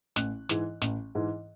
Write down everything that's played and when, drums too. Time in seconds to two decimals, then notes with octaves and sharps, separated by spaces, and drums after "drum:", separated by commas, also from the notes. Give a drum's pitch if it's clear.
0.16 A1 F#6, drum: snare
0.49 G#2 E3, drum: snare
0.82 A1, drum: snare
1.15 G#2 E3